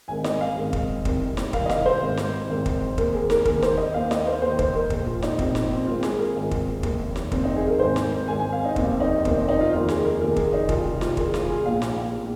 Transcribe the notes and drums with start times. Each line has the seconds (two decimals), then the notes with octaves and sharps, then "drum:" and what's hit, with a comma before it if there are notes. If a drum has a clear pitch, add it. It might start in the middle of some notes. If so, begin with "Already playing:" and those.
0.08 G#1 G#2 D#3 G#5
0.24 D#5, drum: snare
0.41 F5
0.57 G#1 G#2 D#3
0.73 drum: kick
1.05 C2 C3 D#3, drum: kick
1.37 drum: snare
1.53 C2 C3 D#3 F5, drum: kick
1.66 D#5
1.69 F5, drum: snare
1.86 C5
2.02 G#1 G#2 D#3
2.17 drum: snare
2.50 G#1 G#2 D#3
2.66 drum: kick
2.98 D#2 D#3 A#4, drum: kick
3.13 G#4
3.30 A#4, drum: snare
3.45 D#2 D#3 A#4, drum: kick
3.62 C5, drum: snare
3.78 D#5
3.94 D#2 D#3 F5
4.11 D#5, drum: snare
4.27 C5
4.42 D#2 D#3 C5
4.59 C5, drum: kick
4.75 A#4
4.90 A#1 A#2, drum: kick
5.06 F4
5.22 D#4, drum: snare
5.39 A#1 A#2 C4, drum: kick
5.55 drum: snare
5.71 C4
5.87 G#1 G#2 D#3 F4
6.03 G#4, drum: snare
6.19 A#4
6.36 G#1 G#2 D#3
6.51 drum: kick
6.83 F1 D#2 D#3, drum: kick
7.16 drum: snare
7.32 F1 D#2 D#3 C4, drum: kick
7.44 D#4
7.56 G#4
7.68 A#4
7.79 G#1 G#2 D#3 C5
7.96 drum: snare
8.28 G#1 G#2 D#3 G#5
8.40 G#5
8.53 F5
8.64 D#4
8.76 F1 D#2 D#3 C4, drum: kick
9.00 D#4
9.25 F1 D#2 D#3 C4, drum: kick
9.36 D#4
9.49 D#4
9.61 F4
9.72 F1 D#2 D#3 F4
9.88 G#4, drum: snare
10.05 A#4
10.21 F1 D#2 D#3 A#4
10.36 G#4, drum: kick
10.53 D#4
10.69 C2 C3 D#3 F4, drum: kick
11.01 F4, drum: snare
11.17 C2 C3 D#3 G#4, drum: kick
11.34 F4, drum: snare
11.49 G#4
11.66 A#1 A#2 F5
11.82 drum: snare
12.18 A#2